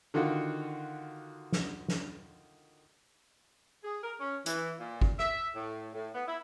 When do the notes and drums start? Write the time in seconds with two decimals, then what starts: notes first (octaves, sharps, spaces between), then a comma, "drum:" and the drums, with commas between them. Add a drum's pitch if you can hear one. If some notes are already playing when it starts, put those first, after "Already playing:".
0.14 D3 D#3 F4 F#4
1.52 drum: snare
1.88 drum: snare
3.84 G#4
4.03 A#4
4.20 C#4
4.46 E3, drum: hi-hat
4.79 A#2
5.01 drum: kick G#1
5.19 E5, drum: rim click
5.56 A2
5.94 A2
6.14 B3
6.28 E4